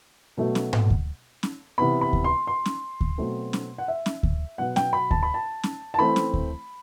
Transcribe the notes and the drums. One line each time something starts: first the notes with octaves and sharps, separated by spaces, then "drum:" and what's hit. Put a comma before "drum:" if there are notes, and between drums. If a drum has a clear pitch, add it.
B2 F#3 A3
drum: snare C#4
drum: tom G#2
drum: kick D2
drum: snare C#4
C3 E3 B3 B5
B5
drum: kick D2
C6
C6
drum: snare C#4
drum: kick D2
B2 F#3 A3 C4
drum: snare C#4
F#5
E5
drum: snare C#4
drum: kick D2
B2 F#3 B3 F#5
G5, drum: snare C#4
B5
A5, drum: kick D2
B5
A5
drum: snare C#4
A5
E3 A3 C4 B5
drum: snare C#4
drum: kick D2